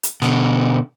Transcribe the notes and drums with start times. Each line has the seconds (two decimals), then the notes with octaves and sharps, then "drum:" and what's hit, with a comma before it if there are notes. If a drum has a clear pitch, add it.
0.03 drum: hi-hat
0.22 B2 D3, drum: snare